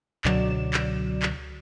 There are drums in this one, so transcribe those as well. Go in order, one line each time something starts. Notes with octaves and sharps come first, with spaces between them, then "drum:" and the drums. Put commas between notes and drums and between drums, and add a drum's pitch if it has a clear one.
C#2 B2 D3 F#3 D5 E7, drum: clap
drum: clap
drum: clap